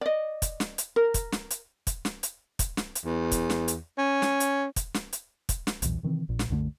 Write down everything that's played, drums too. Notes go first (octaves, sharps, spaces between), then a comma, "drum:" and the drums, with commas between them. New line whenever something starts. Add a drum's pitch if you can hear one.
D5 D#5
drum: kick, hi-hat
drum: snare
drum: hi-hat
A#4
drum: kick, hi-hat
drum: snare
drum: hi-hat
drum: kick, hi-hat
drum: snare
drum: hi-hat
drum: kick, hi-hat
drum: snare
drum: hi-hat
E2
drum: kick, hi-hat
drum: snare
drum: hi-hat
C#4
drum: snare
drum: hi-hat
drum: kick, hi-hat
drum: snare
drum: hi-hat
drum: kick, hi-hat
drum: snare
B1 E2 A#2 E3, drum: hi-hat
C3 D#3 E3 C4
A#1 A#2
drum: snare
C2 F#2 D3 A3